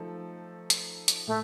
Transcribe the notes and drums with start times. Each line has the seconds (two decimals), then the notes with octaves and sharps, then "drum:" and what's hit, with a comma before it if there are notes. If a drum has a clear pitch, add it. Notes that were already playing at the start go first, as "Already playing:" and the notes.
Already playing: F3 A3 D#4 A4
0.70 drum: hi-hat
1.08 drum: hi-hat
1.27 A2 A3